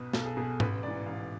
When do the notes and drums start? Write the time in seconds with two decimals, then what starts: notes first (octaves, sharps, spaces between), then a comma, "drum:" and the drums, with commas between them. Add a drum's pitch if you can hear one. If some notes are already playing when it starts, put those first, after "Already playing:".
Already playing: B1 B2 B4
0.13 B1 A4, drum: snare
0.25 G#4
0.37 B2 G#4
0.60 A1 B4, drum: tom G#2
0.83 G#2 E3 D5
1.06 A1 F5